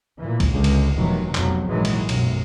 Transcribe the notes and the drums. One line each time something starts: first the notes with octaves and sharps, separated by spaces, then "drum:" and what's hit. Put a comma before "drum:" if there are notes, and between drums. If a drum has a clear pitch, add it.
A#2 E3
drum: kick, cymbal
C#2 D3
drum: cymbal
F1 B2 D#3 E3 F#3
F1 C2 F2 B2 F#3, drum: clap
A#1 G#2 D#3 E3 F#3 G#3
drum: cymbal
B1 F#2, drum: cymbal